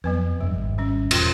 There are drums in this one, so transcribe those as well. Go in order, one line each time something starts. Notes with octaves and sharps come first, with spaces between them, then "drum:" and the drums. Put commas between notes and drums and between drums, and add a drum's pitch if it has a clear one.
F2 F#3 B3 B4
F1 G2 G3
G#1
G3 C#4
E1 F4 G5 C6, drum: cymbal